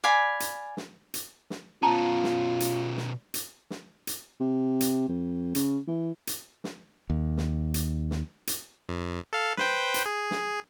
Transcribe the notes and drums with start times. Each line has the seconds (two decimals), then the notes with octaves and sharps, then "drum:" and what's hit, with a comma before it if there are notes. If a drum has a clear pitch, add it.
0.04 D5 F5 G#5 B5
0.40 drum: hi-hat
0.77 drum: snare
1.14 drum: hi-hat
1.50 drum: snare
1.83 B2 C#4 F4 A5 A#5
2.24 drum: snare
2.60 drum: hi-hat
2.97 drum: snare
3.34 drum: hi-hat
3.70 drum: snare
4.07 drum: hi-hat
4.40 C3
4.81 drum: hi-hat
5.08 F2
5.55 C#3, drum: hi-hat
5.88 E3
6.27 drum: hi-hat
6.64 drum: snare
7.10 D#2
7.37 drum: snare
7.74 drum: hi-hat
8.11 drum: snare
8.47 drum: hi-hat
8.89 F2
9.33 A4 F5
9.57 B4 C5 G5, drum: snare
9.94 drum: hi-hat
10.06 G#4
10.31 drum: snare